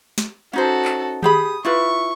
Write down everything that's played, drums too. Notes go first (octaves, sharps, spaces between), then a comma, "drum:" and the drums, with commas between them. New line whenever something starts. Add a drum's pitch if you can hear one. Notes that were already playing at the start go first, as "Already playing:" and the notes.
drum: snare
C#4 D#4 F#4 A4 C5
drum: clap
G4 G#4 B5 D#6, drum: tom D#3
E4 F4 B4 C#6